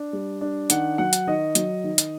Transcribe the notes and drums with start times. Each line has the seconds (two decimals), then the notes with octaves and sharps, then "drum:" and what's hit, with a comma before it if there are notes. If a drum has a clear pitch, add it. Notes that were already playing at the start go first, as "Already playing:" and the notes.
Already playing: D4
0.13 G3
0.41 D4
0.70 D#3 F#5, drum: hi-hat
0.98 F#3 F#5
1.13 drum: hi-hat
1.27 D#3 D#5
1.55 F#3, drum: hi-hat
1.84 D#3
1.98 drum: hi-hat